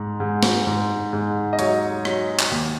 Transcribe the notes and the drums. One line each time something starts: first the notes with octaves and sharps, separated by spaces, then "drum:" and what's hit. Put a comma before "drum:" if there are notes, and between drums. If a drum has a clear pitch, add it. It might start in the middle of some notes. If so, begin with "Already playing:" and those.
Already playing: G#2
G#2
drum: snare
G#2
G#2
D#5
F#3 C#5, drum: hi-hat
F#3, drum: rim click
drum: clap
D#2